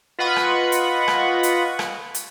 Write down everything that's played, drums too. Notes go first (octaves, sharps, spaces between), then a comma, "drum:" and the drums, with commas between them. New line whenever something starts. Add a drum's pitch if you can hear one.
F4 B4 D#5 F#5 B5 C#6
drum: rim click
drum: hi-hat
drum: rim click
drum: hi-hat
drum: rim click
drum: hi-hat